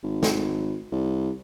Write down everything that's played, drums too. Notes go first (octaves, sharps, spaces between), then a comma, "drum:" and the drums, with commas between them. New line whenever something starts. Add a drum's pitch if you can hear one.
G#1
drum: snare
C2